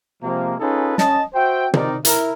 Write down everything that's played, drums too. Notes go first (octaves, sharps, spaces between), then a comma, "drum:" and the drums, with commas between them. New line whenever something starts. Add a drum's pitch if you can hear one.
C3 F3 G#3 A#3
C#4 D#4 F4 G#4 A4 B4
C#4 D#5 A5, drum: snare
F#4 C5 E5 G5
D#3 C4 D#4 A#4 D5, drum: tom
E4 A#4, drum: hi-hat